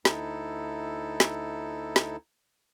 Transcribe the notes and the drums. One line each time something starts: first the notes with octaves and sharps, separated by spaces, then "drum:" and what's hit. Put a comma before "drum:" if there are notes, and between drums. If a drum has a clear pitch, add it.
D2 D#4 E4 A4, drum: snare
drum: snare
drum: snare